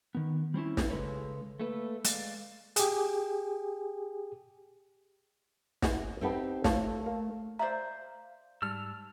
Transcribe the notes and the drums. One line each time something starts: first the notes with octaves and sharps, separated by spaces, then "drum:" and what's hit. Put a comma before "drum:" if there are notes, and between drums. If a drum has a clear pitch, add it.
D#3 B3
G3 C4 C#4 E4
drum: snare
C#3 G#3 A4 B4 C#5
A3 A#3 A4 B4
G#3 D5 F5, drum: hi-hat
G4 G#4, drum: hi-hat
G#3 E4 F#4, drum: snare
B3 C4 D#4 G4 A4 E5
F3 A3 A4 C#5, drum: snare
A#3
C5 D5 E5 F5 A#5
G#2 G3 A5 E6 F6